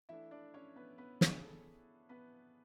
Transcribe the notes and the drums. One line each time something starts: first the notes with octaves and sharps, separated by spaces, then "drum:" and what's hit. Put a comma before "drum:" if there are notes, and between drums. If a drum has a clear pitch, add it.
E3 A3 D4 E4 E5
D4 D5
C#4 C#5
B3 B4
B3 B4
G#4, drum: snare
A4
B3 B4